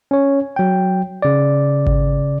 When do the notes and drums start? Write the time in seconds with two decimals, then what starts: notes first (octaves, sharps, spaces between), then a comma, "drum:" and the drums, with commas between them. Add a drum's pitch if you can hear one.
0.11 C#4 C#5
0.56 F#3 G5
1.22 C#3 D5
1.87 drum: kick G#1